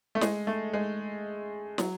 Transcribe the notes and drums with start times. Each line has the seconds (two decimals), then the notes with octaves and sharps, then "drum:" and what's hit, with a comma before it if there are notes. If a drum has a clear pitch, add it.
0.15 A3
0.21 G#3, drum: snare
0.47 A3
0.73 G#3
1.78 F#3, drum: snare